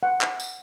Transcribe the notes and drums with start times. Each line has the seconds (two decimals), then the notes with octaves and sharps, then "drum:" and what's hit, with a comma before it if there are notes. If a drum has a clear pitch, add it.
0.03 F#5
0.21 drum: clap
0.40 drum: tambourine